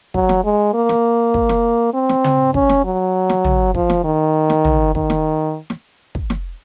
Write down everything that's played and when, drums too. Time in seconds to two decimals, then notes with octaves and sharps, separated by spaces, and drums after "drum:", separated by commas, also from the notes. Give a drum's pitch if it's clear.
0.14 F#3, drum: kick
0.29 drum: snare
0.44 G#3
0.74 A#3
0.89 drum: snare
1.34 drum: kick
1.49 drum: snare
1.94 C4
2.09 drum: snare
2.24 drum: tom C#3
2.54 C#4, drum: kick
2.69 drum: snare
2.85 F#3
3.29 drum: snare
3.44 drum: tom
3.75 F3, drum: kick
3.90 drum: snare
4.04 D#3
4.50 drum: snare
4.65 drum: tom
4.95 D#3, drum: kick
5.10 drum: snare
5.70 drum: snare
6.15 drum: kick
6.30 drum: snare